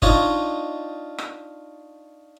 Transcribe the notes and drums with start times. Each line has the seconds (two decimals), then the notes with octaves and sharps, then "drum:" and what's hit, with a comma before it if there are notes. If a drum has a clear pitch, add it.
0.02 D4 D#4 F4 C#5 D#5, drum: kick
1.18 drum: rim click